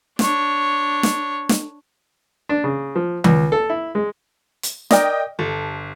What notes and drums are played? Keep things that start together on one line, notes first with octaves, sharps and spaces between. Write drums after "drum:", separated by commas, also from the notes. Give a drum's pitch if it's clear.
D4 C#5, drum: snare
drum: snare
drum: snare
D4
C#3
F3
C#2, drum: tom D#3
A4
E4
G#3
drum: hi-hat
A#4 D5 D#5 G5, drum: snare
G1 A4